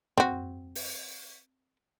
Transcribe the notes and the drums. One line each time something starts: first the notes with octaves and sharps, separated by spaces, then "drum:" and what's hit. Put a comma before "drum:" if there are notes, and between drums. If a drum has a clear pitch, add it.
C4 F#4, drum: tom
drum: open hi-hat